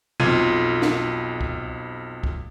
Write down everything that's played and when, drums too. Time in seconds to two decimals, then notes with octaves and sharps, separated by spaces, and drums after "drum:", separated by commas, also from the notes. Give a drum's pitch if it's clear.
0.20 B1 F2 F4 G#6 D#7, drum: tom B2
0.82 drum: snare
1.41 drum: kick C2
2.24 drum: kick C2